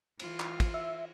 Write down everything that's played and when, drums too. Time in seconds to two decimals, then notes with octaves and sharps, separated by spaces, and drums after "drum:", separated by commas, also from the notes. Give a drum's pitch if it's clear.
0.20 E3 F4, drum: cymbal
0.40 drum: clap
0.60 drum: kick, cymbal
0.74 E5